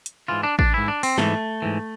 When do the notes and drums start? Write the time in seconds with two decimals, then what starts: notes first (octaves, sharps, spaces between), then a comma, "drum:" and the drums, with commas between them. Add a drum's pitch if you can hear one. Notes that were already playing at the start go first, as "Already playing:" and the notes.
0.06 drum: hi-hat
0.28 G#2 E3 F4
0.43 D4
0.59 D4, drum: kick A1
0.73 G#2 E3 E4
0.88 D4
1.03 C4, drum: open hi-hat
1.18 G#2 E3 A3, drum: snare
1.62 G#2 E3